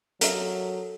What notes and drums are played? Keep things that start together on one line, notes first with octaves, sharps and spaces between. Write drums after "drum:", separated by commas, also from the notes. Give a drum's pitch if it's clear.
F#3 A4 A#4 E5, drum: hi-hat